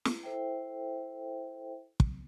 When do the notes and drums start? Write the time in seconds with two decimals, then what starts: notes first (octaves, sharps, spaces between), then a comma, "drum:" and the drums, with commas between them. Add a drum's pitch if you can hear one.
0.05 drum: snare
0.23 E4 A4 C5 E5 G5
2.00 drum: kick